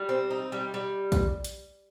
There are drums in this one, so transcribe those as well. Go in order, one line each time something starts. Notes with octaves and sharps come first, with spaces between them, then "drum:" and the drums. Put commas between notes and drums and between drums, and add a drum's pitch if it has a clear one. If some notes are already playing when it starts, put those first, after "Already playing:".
Already playing: G3
C4
D#4
G3
G3
drum: kick, hi-hat
drum: hi-hat